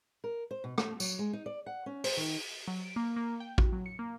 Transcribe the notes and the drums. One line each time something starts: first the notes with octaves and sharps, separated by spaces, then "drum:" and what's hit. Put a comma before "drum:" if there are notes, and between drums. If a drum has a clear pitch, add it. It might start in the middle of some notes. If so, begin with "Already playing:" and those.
A#4
C5
B2
A3, drum: rim click
F#3, drum: tambourine
G#3
D#4
D5
F#5
C#4
C5, drum: open hi-hat
D#3
F#3
D7
A#3
A#3
G5
F#4, drum: kick A1
F#3
C#7
A#3